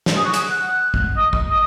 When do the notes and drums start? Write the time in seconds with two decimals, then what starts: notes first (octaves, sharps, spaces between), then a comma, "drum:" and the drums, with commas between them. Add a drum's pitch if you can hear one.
0.06 drum: snare
0.16 G#4
0.25 F#4
0.34 G#4, drum: hi-hat
0.50 F#5
0.94 drum: kick
1.17 D#5
1.33 drum: kick
1.50 D#5